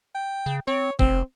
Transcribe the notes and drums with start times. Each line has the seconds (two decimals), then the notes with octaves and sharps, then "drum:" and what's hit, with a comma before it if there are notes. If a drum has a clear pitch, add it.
0.15 G5
0.46 C#3
0.67 C4 C#5
0.99 F1 C4, drum: kick G1